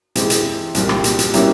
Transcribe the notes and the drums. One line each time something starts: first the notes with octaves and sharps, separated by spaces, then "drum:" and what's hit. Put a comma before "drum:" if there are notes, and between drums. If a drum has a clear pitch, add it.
C3 E3 G#3, drum: hi-hat
drum: hi-hat
C2 A#2 G3, drum: hi-hat
drum: rim click
drum: hi-hat
drum: hi-hat
B2 G3 A#3 C#4 E4, drum: hi-hat